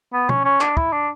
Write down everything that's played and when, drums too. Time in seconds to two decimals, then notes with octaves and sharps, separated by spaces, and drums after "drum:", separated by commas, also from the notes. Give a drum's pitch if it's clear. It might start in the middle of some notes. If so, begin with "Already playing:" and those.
0.13 B3
0.29 C#4, drum: tom B2
0.45 C#4
0.61 D4, drum: clap
0.77 E4, drum: kick
0.92 D4